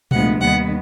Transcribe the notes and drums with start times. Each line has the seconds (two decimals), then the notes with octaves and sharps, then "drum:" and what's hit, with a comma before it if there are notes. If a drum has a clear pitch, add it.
0.11 D2 C3 F3 G#3 B3 F#5, drum: tom A#2
0.40 D#2 D#3 G3 B3 F#5